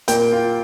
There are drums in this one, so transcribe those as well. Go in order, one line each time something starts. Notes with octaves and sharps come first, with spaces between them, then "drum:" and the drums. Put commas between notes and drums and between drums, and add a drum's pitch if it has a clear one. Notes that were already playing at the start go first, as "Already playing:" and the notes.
A#2 A#3 G5, drum: hi-hat
F4